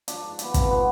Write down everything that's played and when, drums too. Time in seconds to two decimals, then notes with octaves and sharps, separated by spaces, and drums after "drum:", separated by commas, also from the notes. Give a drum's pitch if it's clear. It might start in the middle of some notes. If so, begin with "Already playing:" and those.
0.08 F3 D4, drum: hi-hat
0.23 G#2
0.39 F3 B3, drum: hi-hat
0.54 G#2 C4, drum: kick, hi-hat
0.70 F3 B3